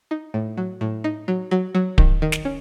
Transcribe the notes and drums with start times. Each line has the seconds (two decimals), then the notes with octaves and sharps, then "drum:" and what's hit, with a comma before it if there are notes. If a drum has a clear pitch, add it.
0.11 D#4
0.34 A2
0.57 F#3
0.81 A2
1.04 D#4
1.28 F#3
1.51 F#3
1.75 F#3
1.98 D#3, drum: kick D1
2.22 D#3
2.32 drum: snare
2.45 C#4